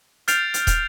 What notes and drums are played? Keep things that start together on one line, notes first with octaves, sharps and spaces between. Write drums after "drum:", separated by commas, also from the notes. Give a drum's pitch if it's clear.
F6 G6 A6 C7 D7 F7, drum: hi-hat
drum: hi-hat
drum: kick, hi-hat